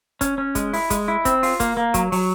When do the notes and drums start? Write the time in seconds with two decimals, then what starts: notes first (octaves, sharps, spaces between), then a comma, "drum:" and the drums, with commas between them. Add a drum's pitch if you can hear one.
0.21 C#4, drum: kick, hi-hat
0.38 C#4
0.55 G#3, drum: kick, hi-hat
0.73 E4, drum: open hi-hat
0.90 G#3, drum: kick, hi-hat
1.08 E4
1.25 C4, drum: kick, hi-hat
1.43 F4, drum: open hi-hat
1.60 A#3, drum: kick, hi-hat
1.77 A#3
1.94 F#3, drum: kick, hi-hat
2.12 F#3, drum: open hi-hat